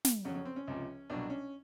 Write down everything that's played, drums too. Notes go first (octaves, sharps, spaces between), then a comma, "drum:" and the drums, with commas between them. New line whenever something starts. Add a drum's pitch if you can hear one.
drum: snare
F2 C#3 F#3 C#4
C#4
C4
C#4
C#2 C3 F3
C2 B2 F#3 D4
C#4